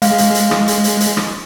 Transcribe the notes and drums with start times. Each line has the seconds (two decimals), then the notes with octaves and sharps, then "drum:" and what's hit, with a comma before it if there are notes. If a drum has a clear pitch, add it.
0.02 G#3 F5, drum: hi-hat
0.18 drum: hi-hat
0.35 drum: hi-hat
0.51 drum: rim click
0.68 drum: hi-hat
0.84 drum: hi-hat
1.00 drum: hi-hat
1.17 drum: rim click